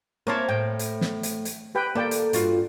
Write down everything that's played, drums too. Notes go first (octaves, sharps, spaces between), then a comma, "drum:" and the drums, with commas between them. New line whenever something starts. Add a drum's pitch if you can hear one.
A#3 C4 E4 A#4 C#5 A5
A2 G5
drum: hi-hat
drum: snare
drum: hi-hat
drum: hi-hat
G4 B4 G5
A#3 A4 D5 G5
drum: hi-hat
G2 F4 F#4, drum: hi-hat